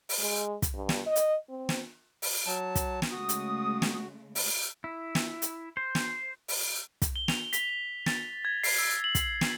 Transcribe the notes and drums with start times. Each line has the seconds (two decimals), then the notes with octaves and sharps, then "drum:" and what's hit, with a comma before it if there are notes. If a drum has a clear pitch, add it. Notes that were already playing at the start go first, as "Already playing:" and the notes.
0.09 drum: open hi-hat
0.18 G#3
0.62 drum: kick, hi-hat
0.74 G2
0.89 drum: snare
1.06 D#5
1.16 drum: hi-hat
1.49 C4
1.69 drum: snare
2.22 drum: open hi-hat
2.46 F#3 A5
2.75 drum: kick, hi-hat
3.02 drum: snare
3.11 C#3 G#3 A3 F#4 D#6
3.29 drum: hi-hat
3.82 drum: snare
4.35 drum: open hi-hat
4.84 E4
5.15 drum: snare
5.42 drum: hi-hat
5.77 C5
5.95 drum: snare
6.48 drum: open hi-hat
7.02 drum: kick, hi-hat
7.16 G7
7.28 F7, drum: snare
7.53 B6, drum: hi-hat
7.69 G7
8.06 A6, drum: snare
8.45 G#6
8.63 C7, drum: open hi-hat
8.78 E6
9.04 F#7
9.15 drum: kick, hi-hat
9.41 drum: snare